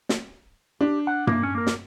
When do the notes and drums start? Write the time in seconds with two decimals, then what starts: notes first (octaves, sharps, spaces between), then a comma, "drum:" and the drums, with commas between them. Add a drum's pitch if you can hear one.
0.09 drum: snare
0.81 D4 G4
1.07 F#5
1.27 A#3, drum: tom G2
1.43 C#4
1.55 A#3 A#4
1.67 drum: snare